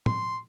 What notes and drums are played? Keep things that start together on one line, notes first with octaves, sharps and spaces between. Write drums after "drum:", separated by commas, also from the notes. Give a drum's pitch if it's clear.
C6, drum: tom